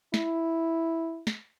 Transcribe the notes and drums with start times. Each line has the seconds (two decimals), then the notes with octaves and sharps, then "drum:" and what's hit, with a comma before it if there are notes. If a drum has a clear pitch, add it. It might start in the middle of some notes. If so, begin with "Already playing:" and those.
0.14 E4, drum: snare
1.27 drum: snare